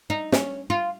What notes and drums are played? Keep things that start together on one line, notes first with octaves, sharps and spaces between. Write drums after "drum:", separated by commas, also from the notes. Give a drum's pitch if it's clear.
D#4
C#4, drum: snare
F4